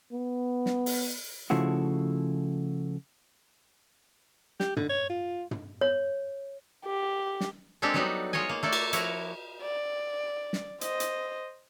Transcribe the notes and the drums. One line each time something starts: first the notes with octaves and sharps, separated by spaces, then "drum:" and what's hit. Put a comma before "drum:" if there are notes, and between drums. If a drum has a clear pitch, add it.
B3
drum: snare
drum: open hi-hat
C#3 F3 A3 E4 F#4
G4, drum: snare
D3, drum: tom
C#5
F4
drum: tom
C#5
G4
drum: snare
G#3 A#3 C4 D4 G4 A4
F#3 G3 B3 D4 D#4 F#4
G#3 F4 C#5 D#5 G#5
A#3
A3 A#3 A4 D5
drum: cymbal
F3 E4 F#4 C#5 A#5, drum: hi-hat
D5
drum: snare
C5 D#5, drum: hi-hat
drum: hi-hat